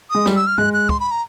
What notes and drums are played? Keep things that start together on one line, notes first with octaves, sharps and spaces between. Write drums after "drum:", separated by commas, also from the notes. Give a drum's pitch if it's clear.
G#3 D#6
G3, drum: snare
E6
F6
G#3 F#6, drum: tom G2
F#6
C6, drum: kick
B5
A#5